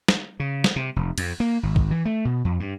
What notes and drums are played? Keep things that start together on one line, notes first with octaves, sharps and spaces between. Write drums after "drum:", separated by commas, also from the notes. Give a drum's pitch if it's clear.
drum: snare
C#3
drum: snare
C3
F1
F2, drum: cymbal
A#3
G#1
drum: kick
E3
A3
B2
F2
G2